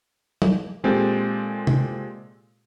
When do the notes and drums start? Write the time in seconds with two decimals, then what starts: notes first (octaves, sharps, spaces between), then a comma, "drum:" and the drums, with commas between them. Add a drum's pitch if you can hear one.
0.42 drum: tom
0.84 A#2 G#3 C4 G4 A4
1.67 drum: tom